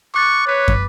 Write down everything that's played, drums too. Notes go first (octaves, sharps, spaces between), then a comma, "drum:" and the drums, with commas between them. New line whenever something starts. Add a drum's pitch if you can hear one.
C#6 D6 F#6 A6
B4 C#5
drum: kick